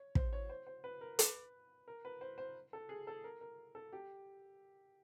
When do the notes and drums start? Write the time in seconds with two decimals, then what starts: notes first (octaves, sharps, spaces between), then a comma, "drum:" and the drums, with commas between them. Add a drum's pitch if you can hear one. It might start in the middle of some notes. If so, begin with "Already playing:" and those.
Already playing: C#5
0.15 C5, drum: kick
0.33 C#5
0.50 C5
0.67 C5
0.84 B4
1.01 A#4
1.19 B4, drum: hi-hat
1.88 A#4
2.05 B4
2.21 C5
2.38 C5
2.73 A4
2.89 G#4
3.07 A4
3.24 A#4
3.41 A#4
3.75 A4
3.93 G4